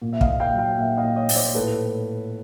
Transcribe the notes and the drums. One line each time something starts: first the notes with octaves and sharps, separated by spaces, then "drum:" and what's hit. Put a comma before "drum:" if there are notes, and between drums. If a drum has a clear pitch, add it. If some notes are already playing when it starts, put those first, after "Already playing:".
A#2
E5
D#5 F5, drum: kick
A#2
F5 G5
F#3
F5 G5
A#2 E5 F#5
D#5 F5
A#2
C#5 D#5
A#2, drum: open hi-hat
C5 D5
C5
A2 A4 B4